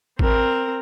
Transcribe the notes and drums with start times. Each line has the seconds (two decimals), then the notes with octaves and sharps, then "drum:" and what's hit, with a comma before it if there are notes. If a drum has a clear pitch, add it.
0.19 C4 A#4, drum: kick